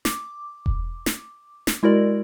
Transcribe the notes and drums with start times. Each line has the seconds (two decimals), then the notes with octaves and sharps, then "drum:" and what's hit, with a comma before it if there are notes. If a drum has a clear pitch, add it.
0.05 D6, drum: snare
0.66 drum: kick E1
1.06 drum: snare
1.67 drum: snare
1.83 G#3 E4 F#4 A#4 D5